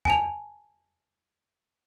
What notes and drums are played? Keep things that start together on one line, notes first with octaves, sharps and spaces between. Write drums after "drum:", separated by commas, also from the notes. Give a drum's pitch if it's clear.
G#5 A5 F7, drum: tom E2